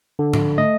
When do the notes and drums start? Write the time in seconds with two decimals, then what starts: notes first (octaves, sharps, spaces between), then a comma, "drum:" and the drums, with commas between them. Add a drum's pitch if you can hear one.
0.19 D3
0.34 drum: tom G#2
0.58 A3 D#5